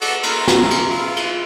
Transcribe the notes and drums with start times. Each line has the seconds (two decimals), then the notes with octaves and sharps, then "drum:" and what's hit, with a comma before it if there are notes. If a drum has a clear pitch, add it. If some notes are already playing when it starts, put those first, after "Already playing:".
0.02 F#4 A4 D5, drum: cymbal
0.23 E4 A#4 C6, drum: cymbal
0.48 drum: snare
0.71 drum: cymbal
0.90 E4 F4
1.17 drum: cymbal